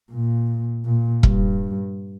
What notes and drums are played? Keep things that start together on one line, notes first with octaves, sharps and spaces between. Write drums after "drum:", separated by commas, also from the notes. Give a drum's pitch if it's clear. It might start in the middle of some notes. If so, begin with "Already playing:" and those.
A#2
A#2
G2, drum: kick E1